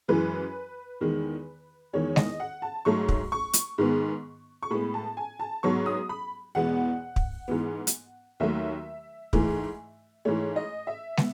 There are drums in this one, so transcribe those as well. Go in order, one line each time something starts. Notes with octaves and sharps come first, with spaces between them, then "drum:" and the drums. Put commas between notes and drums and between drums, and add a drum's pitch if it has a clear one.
F#2 E3 G#3 B4
E2 D#3 G#3
E2 D#3 G#3 C#5
D#5, drum: snare
F#5
A5
G#2 F#3 A3 C#6
drum: kick
C#6
drum: hi-hat
G#2 D#3 G#3 B3
C#6
A2 G#3 B3 B5
A5
G#5
A5
G#2 F#3 B3 C#6
D#6
B5
E2 B2 G#3 B3 F#5
drum: kick
G#2 E3 B3
drum: hi-hat
D#2 D#3 F#3 A3 E5
G#2 E3 A3, drum: kick
G#2 E3 A3 C#5
D#5
E5
B3, drum: snare